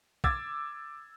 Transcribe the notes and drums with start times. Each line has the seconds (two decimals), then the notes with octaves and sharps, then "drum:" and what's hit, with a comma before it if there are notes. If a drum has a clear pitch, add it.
0.24 D6 E6 G#6 A6, drum: kick